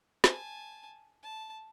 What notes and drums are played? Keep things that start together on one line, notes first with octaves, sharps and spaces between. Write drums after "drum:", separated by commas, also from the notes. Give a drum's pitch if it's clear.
G#5 A5, drum: snare
A5